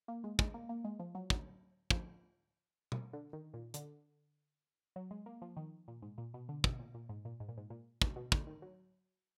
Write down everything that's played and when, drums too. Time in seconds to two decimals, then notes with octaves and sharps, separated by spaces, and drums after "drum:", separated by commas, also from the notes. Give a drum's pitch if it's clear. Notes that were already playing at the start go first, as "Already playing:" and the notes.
0.08 A#3
0.24 G#3
0.39 G#3, drum: kick
0.54 A#3
0.69 A#3
0.85 G#3
0.99 F3
1.15 F#3
1.30 F#3, drum: kick
1.90 F3, drum: kick
2.92 drum: tom B2
3.13 D3
3.33 D#3
3.54 A#2
3.74 D3, drum: hi-hat
4.96 F#3
5.11 G#3
5.26 A#3
5.42 F3
5.57 D#3
5.88 A#2
6.02 G#2
6.18 A#2
6.34 B2
6.49 D3
6.64 B2, drum: kick
6.79 A#2
6.94 A#2
7.09 G#2
7.25 A#2
7.40 G#2
7.49 A#2
7.58 G#2
7.70 A#2
8.02 B2, drum: kick
8.16 B2
8.32 D3, drum: kick
8.47 D#3
8.62 F#3